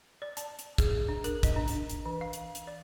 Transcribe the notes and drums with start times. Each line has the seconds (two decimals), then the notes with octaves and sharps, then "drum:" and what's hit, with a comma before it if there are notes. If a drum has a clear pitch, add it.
0.22 D5
0.37 A5, drum: hi-hat
0.59 drum: hi-hat
0.78 G#4, drum: kick, hi-hat
1.09 D4
1.24 A#4, drum: hi-hat
1.43 D#5, drum: kick, hi-hat
1.56 D4
1.68 drum: hi-hat
1.90 drum: hi-hat
2.06 E3
2.21 F5
2.33 drum: hi-hat
2.55 drum: hi-hat
2.67 D5